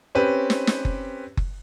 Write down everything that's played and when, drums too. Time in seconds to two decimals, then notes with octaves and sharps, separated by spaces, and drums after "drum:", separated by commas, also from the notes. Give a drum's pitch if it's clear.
0.15 C4 C#4 G4 B4
0.50 drum: snare
0.67 drum: snare
0.85 drum: kick F#1
1.37 drum: kick F#1